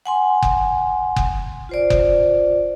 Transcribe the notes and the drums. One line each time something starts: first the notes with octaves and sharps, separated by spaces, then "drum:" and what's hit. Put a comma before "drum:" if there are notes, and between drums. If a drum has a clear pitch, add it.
F#5 G#5 C6
drum: kick F#1
drum: kick F#1
F4 C5 D5
drum: kick F#1